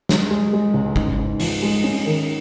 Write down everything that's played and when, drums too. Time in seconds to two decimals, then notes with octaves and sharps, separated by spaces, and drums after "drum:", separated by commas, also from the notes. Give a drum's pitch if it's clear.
0.09 G#3, drum: snare
0.31 G#3
0.53 G#3
0.74 C#2
0.96 G#2, drum: kick G1
1.18 G#2
1.40 F3, drum: open hi-hat
1.62 G#3
1.84 C#4
2.06 D#3